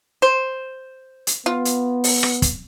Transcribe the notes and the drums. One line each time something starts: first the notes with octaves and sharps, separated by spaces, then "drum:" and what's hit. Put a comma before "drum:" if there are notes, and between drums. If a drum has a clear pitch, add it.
C5
drum: hi-hat
B3 F4
drum: hi-hat
drum: open hi-hat
drum: rim click
drum: kick, hi-hat